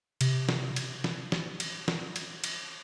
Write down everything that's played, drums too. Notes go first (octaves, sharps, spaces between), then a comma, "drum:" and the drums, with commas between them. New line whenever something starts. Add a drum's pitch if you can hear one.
C3, drum: cymbal
drum: snare
drum: cymbal
drum: snare
drum: snare
drum: cymbal
drum: snare
drum: cymbal
drum: cymbal